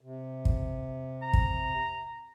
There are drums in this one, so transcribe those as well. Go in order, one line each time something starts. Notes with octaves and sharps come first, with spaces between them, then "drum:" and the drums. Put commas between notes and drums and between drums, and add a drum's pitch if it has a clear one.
C3
drum: kick
A#5
drum: kick